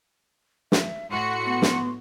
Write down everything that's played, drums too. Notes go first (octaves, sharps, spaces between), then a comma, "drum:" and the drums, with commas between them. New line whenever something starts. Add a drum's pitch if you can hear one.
E5, drum: snare
A2 F#4 C6 C#7
B3
drum: snare